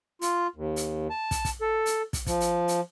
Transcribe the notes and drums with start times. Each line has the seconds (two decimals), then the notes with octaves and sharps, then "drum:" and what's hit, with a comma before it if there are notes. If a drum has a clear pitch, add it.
0.22 F4, drum: hi-hat
0.56 D#2
0.76 drum: hi-hat
1.10 A5
1.31 drum: kick, hi-hat
1.45 drum: kick, hi-hat
1.62 A4
1.86 drum: hi-hat
2.13 drum: kick, hi-hat
2.26 F3, drum: kick, hi-hat
2.40 drum: hi-hat
2.68 drum: hi-hat